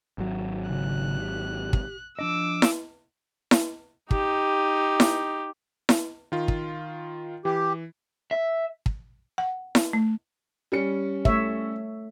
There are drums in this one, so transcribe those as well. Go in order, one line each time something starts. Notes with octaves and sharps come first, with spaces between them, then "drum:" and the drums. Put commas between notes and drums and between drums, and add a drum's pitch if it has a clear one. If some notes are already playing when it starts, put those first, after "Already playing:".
G#1 F#3
C#3 F#6
G4
drum: kick
F3 D4 D#5 D6 E6
drum: snare E4
drum: snare E4
D#4 G4, drum: kick
drum: snare E4
drum: snare E4
D#3 F4
drum: kick
E3 G4
E5
drum: kick
F#5
drum: snare E4
A3
G3 C#4 C#7
A3 C#5 E5, drum: kick